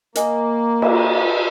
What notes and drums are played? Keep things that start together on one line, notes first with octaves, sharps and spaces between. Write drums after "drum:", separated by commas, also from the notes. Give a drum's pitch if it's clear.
A#3 A#4 D#5 G#5 D#6, drum: hi-hat
drum: cymbal